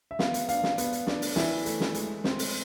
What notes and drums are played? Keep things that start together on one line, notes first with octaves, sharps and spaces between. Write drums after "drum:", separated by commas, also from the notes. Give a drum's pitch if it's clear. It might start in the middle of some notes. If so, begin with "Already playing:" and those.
E5
B3 F5, drum: snare
drum: hi-hat
D4 F5, drum: hi-hat
drum: snare
B3, drum: hi-hat
drum: hi-hat
D4, drum: snare
drum: open hi-hat
E3 E5, drum: snare
A3, drum: hi-hat
drum: snare
G#3, drum: hi-hat
C4, drum: snare
drum: open hi-hat